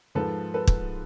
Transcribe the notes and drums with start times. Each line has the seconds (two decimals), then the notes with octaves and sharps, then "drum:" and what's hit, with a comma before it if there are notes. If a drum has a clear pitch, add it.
0.15 G#2 F3 A4 B4
0.54 A4 B4
0.67 drum: kick